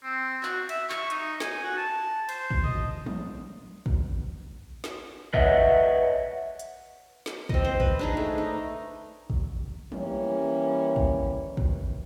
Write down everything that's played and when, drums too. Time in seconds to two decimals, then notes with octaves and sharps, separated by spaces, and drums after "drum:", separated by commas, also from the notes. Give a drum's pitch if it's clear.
0.03 C4
0.43 F#4, drum: clap
0.69 E5, drum: cymbal
0.90 C#6, drum: clap
1.10 D#4, drum: hi-hat
1.40 G#5, drum: snare
1.64 F#4
1.77 A5
2.29 C5, drum: cymbal
2.51 drum: kick
2.64 D#5, drum: tom
3.06 drum: tom
3.86 drum: kick
4.84 drum: snare
5.34 B4 C#5 D#5 E5 F#5, drum: kick
6.59 drum: hi-hat
7.26 drum: snare
7.49 C4 D#5, drum: kick
7.64 C5
7.80 B4, drum: kick
7.99 D4 D#4 G#4
8.17 A3
8.38 D#4
9.30 drum: kick
9.92 E3 G3 A#3 C#4, drum: tom
10.96 drum: kick
11.57 drum: kick